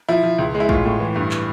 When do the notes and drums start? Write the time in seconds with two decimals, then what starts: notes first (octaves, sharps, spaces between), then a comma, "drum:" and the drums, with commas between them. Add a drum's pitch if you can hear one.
0.09 F3 E4
0.23 F3
0.38 C#2
0.55 G#3
0.60 E4
0.69 A2 F4, drum: kick A1
0.85 A2
1.00 E3
1.16 G2
1.31 drum: clap